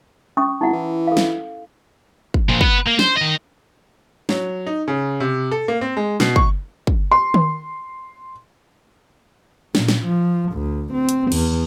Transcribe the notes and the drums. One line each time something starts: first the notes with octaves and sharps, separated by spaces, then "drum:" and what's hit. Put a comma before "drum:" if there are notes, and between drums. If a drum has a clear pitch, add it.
C#4 C#6 D#6
G#1 D#4 E4 F#5
E3
A4 F5
drum: snare
drum: kick
A#2 F3
B3 B4, drum: kick
A#3
C5, drum: snare
D#3 D#5
F#3, drum: snare
D#4
C#3
C3
A4
A#3
C4
G#3
B2, drum: snare
C#6, drum: kick
drum: kick
C6
drum: tom D#3
A#2, drum: snare
drum: snare
F3
D2
C4
drum: hi-hat
E2, drum: cymbal